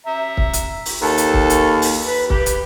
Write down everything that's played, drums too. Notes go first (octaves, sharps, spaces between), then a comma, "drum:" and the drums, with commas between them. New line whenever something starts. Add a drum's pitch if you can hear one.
E5 A#5
drum: kick C#1
drum: hi-hat
drum: open hi-hat
D#2 A4
drum: hi-hat
drum: kick C#1
drum: hi-hat
drum: open hi-hat
B4
G4 B4, drum: kick C#1
drum: hi-hat